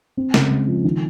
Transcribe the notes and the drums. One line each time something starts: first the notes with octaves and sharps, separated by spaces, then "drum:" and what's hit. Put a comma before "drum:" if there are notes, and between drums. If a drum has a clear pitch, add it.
C4
C#3, drum: snare
G#3
F3
D#3